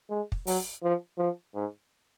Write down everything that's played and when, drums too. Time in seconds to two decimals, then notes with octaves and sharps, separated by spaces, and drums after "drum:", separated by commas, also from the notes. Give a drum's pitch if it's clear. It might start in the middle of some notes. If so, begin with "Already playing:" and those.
0.10 G#3
0.32 drum: kick
0.47 F#3, drum: open hi-hat
0.83 F3
1.18 F3
1.55 G#2